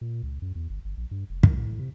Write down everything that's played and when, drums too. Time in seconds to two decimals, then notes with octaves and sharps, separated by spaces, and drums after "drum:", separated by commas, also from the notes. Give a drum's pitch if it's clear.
0.01 A#2
0.23 C#2
0.42 F#2
0.55 E2
0.70 G1
0.85 G1
0.97 A#1
1.11 G2
1.30 F1
1.43 D#3, drum: kick
1.57 A2
1.79 C3